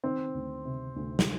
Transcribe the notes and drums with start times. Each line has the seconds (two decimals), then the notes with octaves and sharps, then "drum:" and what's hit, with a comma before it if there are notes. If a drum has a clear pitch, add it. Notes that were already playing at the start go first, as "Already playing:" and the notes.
0.03 D#3 C4
0.35 D2
0.65 C3
0.96 D2
1.19 drum: snare